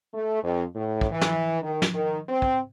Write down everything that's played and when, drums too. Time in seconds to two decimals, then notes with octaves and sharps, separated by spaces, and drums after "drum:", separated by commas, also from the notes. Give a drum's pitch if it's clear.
0.14 A3
0.44 F2
0.75 A2
1.01 drum: kick
1.12 E3
1.21 drum: snare
1.62 D#3
1.82 drum: snare
1.94 D#3
2.29 C4
2.42 drum: kick